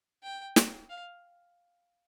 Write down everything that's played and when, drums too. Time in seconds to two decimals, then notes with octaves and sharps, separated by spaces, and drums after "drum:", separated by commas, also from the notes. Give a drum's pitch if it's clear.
0.23 G5
0.56 drum: snare
0.90 F5